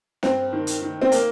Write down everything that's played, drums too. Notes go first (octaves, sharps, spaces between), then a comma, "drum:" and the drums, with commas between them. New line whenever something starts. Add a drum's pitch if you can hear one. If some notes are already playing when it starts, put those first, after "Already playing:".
G2 C4, drum: snare
D#3
drum: hi-hat
D#3
C4
A#3, drum: hi-hat